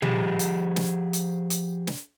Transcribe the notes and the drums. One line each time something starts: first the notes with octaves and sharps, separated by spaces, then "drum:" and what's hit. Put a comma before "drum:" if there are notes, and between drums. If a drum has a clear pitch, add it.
F3 G4 G#4, drum: tom A#2
drum: hi-hat
drum: snare
drum: hi-hat
drum: hi-hat
drum: snare